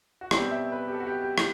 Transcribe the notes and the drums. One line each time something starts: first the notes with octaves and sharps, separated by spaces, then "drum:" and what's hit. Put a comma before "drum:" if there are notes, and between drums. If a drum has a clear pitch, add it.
F#4
B2 G3 C4 G4, drum: rim click
E5
B4
G4
A4
F#4
G4
G4
G4, drum: rim click